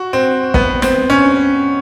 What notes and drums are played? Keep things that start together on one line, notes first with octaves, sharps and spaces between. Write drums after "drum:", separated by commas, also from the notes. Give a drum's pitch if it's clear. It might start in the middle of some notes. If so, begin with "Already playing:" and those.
Already playing: F#4
C4
B3, drum: kick
C4, drum: snare
C#4